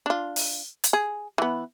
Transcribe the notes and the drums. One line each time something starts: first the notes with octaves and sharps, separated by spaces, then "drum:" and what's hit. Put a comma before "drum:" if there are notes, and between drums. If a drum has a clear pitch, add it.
D4 F4
drum: open hi-hat
drum: hi-hat
G#4
E3 B3